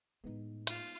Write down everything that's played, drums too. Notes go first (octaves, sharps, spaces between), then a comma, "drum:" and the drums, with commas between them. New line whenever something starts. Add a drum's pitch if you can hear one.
A2 G#3 A3 B3 D#4
F4, drum: hi-hat